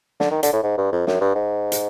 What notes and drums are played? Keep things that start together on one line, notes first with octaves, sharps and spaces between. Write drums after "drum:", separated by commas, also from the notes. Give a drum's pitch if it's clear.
D3, drum: snare
D#3
D3, drum: hi-hat
A2
G#2
G2
F2
F#2, drum: snare
G2
G#2
drum: hi-hat